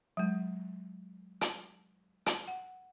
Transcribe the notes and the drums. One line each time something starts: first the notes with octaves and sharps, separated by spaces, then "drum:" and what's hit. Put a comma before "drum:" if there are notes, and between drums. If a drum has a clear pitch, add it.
F#3 G#3
drum: hi-hat
drum: hi-hat
F#5